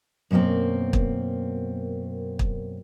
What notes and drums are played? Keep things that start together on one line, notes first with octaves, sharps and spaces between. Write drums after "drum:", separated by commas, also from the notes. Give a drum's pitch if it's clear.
F#2 B2 A3 A#3 C4
drum: kick
drum: kick